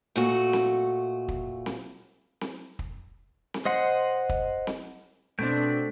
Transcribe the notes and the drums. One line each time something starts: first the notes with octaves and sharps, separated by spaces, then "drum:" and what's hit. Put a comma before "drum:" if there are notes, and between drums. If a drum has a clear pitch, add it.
A#2 A3 F#4
drum: snare C4
drum: kick
drum: snare C4
drum: snare C4
drum: kick
drum: snare C4
C5 D#5 F#5 C6
drum: kick
drum: snare C4
B2 A3 C4 D4 G5